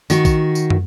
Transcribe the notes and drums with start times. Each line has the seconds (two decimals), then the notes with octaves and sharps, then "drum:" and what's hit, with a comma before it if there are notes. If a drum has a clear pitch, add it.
0.10 D#3 F#4, drum: tambourine
0.25 drum: kick A#1, tambourine
0.55 drum: tambourine
0.70 drum: tom